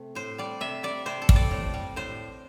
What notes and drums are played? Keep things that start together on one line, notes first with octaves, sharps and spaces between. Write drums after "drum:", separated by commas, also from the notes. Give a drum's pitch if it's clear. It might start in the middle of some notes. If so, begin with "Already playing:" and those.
Already playing: C3 A3
A2 C5
G3 D5
C3 E5
G3 D5
C3 C5
A4
G3, drum: kick
D5
A2
G3
A2 C5